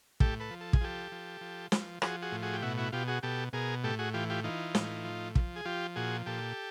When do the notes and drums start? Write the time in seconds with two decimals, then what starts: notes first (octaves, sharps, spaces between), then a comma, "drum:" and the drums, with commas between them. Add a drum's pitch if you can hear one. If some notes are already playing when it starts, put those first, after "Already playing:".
0.20 A2 G4 A4, drum: kick
0.40 A4 B4
0.51 F3
0.61 A4
0.73 G#4, drum: kick
0.81 F3 G4 A4
1.12 F3
1.41 F3
1.72 F3, drum: snare
2.02 F3 F#4 G#4, drum: rim click
2.22 F#4 G#4
2.32 A2
2.42 F#4 G#4
2.53 G4
2.62 B2 E4 F#4
2.77 E4 F#4
2.92 B2 F4 G4
3.08 F#4 G#4
3.23 B2 G4 A4
3.53 B2 G#4 A#4
3.84 A2 G4 A4
3.99 F#4 G#4
4.14 E3 F4 G4
4.30 F4 G4
4.44 E3 D#4 F4
4.75 A2, drum: snare
5.05 F3
5.35 F3, drum: kick
5.56 G#4
5.65 F3 F4 G4
5.96 A#2 F#4 G#4
6.26 A#2 G4 A4